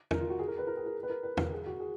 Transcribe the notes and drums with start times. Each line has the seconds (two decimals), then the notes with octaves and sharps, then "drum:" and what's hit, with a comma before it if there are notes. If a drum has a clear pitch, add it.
0.11 A#4, drum: tom
0.21 F4
0.30 F#4
0.39 G#4
0.48 A#4
0.58 B4
0.67 A#4
0.77 G#4
0.86 A#4
1.03 B4
1.10 A#4
1.23 B4
1.37 A#4, drum: tom
1.52 G#4
1.66 F#4
1.80 G#4